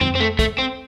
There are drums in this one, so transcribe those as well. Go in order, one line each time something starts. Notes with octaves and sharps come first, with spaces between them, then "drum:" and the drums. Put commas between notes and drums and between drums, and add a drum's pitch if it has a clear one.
C4, drum: tom F2
C4
A3
A3, drum: kick, hi-hat
C4